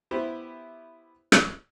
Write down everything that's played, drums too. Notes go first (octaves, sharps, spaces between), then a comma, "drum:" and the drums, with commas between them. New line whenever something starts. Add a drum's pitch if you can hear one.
B3 E4 G4 C5
drum: rim click